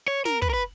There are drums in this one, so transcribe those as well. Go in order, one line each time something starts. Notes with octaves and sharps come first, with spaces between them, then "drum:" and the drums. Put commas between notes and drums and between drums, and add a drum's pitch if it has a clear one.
C#5
A#4, drum: snare
B4, drum: kick
A#4
B4